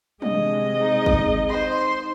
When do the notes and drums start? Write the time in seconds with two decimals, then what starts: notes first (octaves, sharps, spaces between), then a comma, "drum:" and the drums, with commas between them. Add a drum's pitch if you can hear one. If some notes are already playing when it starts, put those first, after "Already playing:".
0.22 C3 G#3 D4 D#5, drum: tom
0.80 D#4 G#4
1.06 drum: kick
1.48 D#4 C5 C6